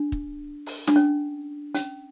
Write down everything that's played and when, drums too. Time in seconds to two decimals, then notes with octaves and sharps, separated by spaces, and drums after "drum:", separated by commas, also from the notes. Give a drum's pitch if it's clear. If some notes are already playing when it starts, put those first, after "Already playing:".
Already playing: D4
0.12 drum: kick
0.66 drum: open hi-hat
0.87 D4, drum: snare
0.96 C#4
1.75 C#4, drum: hi-hat